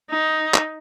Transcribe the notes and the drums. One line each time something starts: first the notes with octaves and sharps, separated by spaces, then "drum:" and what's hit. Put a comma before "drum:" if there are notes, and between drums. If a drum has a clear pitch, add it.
D#4
drum: clap